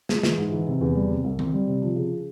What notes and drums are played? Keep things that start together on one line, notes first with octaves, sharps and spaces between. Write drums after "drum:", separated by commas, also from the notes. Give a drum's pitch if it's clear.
G#3, drum: snare
E3, drum: snare
G#2
E3
C3
E2
G3
C3
C2
C4, drum: tom D#3
G3
C3
F3
C#3